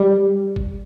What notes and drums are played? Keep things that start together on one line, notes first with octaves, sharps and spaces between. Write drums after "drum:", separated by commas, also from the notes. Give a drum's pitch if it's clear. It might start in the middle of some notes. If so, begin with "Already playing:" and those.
Already playing: G3
drum: kick